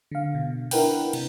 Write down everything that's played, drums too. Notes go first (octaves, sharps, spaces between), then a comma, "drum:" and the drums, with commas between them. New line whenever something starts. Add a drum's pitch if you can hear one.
D3 F5
B2
D4 E4 A#4 B4 F#5 G5, drum: open hi-hat
C3, drum: cymbal